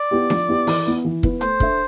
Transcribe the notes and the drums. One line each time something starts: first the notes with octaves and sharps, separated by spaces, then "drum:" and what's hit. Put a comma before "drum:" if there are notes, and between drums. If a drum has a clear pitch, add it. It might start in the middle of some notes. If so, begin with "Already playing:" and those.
Already playing: D5
B3 E4 G4
F3, drum: snare D4
B3 E4 G4
E3, drum: open hi-hat
B3 E4 B4
E3
B3 E4 B4, drum: kick
A3 C5, drum: hi-hat
D4 A4 E5, drum: kick